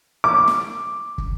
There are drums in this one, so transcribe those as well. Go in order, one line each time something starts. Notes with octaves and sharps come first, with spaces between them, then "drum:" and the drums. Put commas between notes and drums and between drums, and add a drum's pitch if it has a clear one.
D6
drum: snare
drum: kick